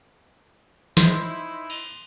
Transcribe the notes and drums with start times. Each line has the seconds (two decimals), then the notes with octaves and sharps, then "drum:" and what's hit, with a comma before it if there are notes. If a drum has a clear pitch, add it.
0.97 D#4 E4 C5 C6, drum: snare
1.70 drum: cymbal